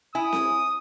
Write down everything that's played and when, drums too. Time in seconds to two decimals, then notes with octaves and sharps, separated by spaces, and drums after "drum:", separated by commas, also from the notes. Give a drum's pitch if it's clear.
0.15 E4 G#5 D#6
0.33 drum: snare C4